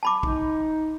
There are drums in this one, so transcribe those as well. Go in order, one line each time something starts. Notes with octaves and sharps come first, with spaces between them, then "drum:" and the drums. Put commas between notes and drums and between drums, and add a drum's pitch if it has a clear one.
A5 B5 D6
D#4, drum: kick